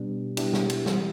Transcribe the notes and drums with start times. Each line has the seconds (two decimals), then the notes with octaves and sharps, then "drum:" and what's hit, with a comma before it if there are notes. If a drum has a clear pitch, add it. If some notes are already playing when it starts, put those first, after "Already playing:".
Already playing: B2 G3 B3 D4 G4
0.37 B2 G3 B3 D4 E4 G4, drum: cymbal
0.54 drum: snare
0.70 drum: cymbal
0.86 E3 G3 C4, drum: snare